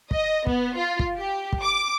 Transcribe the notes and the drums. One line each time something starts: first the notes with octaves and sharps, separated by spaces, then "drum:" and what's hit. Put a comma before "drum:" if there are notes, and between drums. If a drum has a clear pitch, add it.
D#5, drum: kick
B3, drum: kick
F4
drum: kick
G4
drum: kick
D6